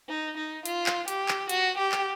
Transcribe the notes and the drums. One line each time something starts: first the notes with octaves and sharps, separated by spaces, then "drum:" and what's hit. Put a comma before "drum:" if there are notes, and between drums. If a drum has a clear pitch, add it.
D#4
D#4
F4, drum: hi-hat
drum: clap
G4, drum: hi-hat
drum: clap
F#4, drum: hi-hat
G4
drum: clap